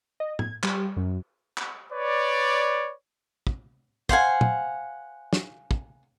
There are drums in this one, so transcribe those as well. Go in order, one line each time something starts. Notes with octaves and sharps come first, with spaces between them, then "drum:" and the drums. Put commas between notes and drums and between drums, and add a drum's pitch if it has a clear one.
D#5
G#6, drum: tom
G3, drum: clap
F#2
drum: clap
B4 C#5 D5
drum: kick
C5 F5 F#5 G#5, drum: kick
drum: tom
drum: snare
drum: kick